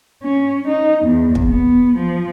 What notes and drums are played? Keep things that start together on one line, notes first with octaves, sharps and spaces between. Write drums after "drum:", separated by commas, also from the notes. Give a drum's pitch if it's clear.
C#4
D#4
E2
drum: kick
B3
F3